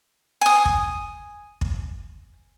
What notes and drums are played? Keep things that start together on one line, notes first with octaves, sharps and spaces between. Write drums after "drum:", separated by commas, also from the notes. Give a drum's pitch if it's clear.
G#5 D#6
drum: kick
drum: kick